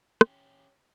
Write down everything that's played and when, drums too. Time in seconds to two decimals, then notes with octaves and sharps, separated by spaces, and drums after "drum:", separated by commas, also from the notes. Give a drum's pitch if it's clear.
0.21 C#4 G4, drum: rim click